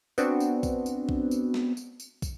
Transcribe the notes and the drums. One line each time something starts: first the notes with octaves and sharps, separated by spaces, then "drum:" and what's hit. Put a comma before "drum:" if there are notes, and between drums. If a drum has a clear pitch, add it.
B3 C4 D4 F#4, drum: tambourine
drum: tambourine
drum: kick, tambourine
drum: tambourine
drum: kick
drum: tambourine
drum: snare
drum: tambourine
drum: tambourine
drum: kick, tambourine